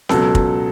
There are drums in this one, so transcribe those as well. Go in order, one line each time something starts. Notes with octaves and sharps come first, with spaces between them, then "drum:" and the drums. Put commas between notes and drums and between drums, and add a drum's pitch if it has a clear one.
C#2 B2 F#3 A4, drum: snare C4
drum: kick